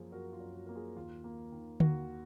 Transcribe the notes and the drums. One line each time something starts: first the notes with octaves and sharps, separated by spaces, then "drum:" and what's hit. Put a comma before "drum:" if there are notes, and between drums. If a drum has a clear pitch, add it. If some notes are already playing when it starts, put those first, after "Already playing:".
Already playing: F#2 F3 A#3 G#4 C5 F5
F#2 F#4 A#4
F4
F#2
F#4
A#3 A#4
F4 G#4
D#2 F4
A#3
D#3
D#2 F#4, drum: tom D3